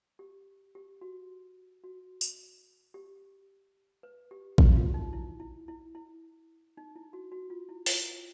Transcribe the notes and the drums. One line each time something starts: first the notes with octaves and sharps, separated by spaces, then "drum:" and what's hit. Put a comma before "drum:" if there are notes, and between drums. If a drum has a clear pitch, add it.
G4
G4
F#4
F#4
drum: tambourine
G4
B4
G4
F#4, drum: kick
F4
D#4
E4
E4
E4
E4
D#4
E4
F#4
F#4
F4
E4
F4, drum: open hi-hat